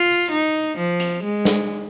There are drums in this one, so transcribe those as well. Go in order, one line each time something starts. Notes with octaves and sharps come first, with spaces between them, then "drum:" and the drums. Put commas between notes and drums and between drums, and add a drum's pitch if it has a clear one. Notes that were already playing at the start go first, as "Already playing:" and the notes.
Already playing: F4
D#4
F3
drum: hi-hat
G#3
drum: snare